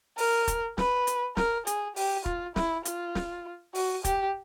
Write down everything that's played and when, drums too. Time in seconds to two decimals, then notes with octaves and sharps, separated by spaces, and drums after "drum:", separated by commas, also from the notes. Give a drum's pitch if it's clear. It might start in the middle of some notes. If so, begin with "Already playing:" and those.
0.18 A#4, drum: open hi-hat
0.48 drum: kick, hi-hat
0.78 B4, drum: snare
1.07 drum: hi-hat
1.37 A#4, drum: snare
1.67 G#4, drum: hi-hat
1.96 G4, drum: open hi-hat
2.26 F4, drum: kick
2.56 E4, drum: snare
2.85 F4, drum: hi-hat
3.15 drum: snare
3.75 F#4, drum: open hi-hat
4.05 G4, drum: kick, hi-hat